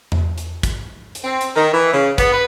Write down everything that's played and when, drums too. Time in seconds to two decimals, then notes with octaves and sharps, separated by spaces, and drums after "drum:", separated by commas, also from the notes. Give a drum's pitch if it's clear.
0.12 drum: tom E2
0.38 drum: hi-hat
0.63 drum: kick, hi-hat
1.15 drum: hi-hat
1.24 C4
1.41 drum: hi-hat
1.55 D#3
1.72 E3
1.93 C#3
2.18 B3, drum: kick, hi-hat
2.32 B4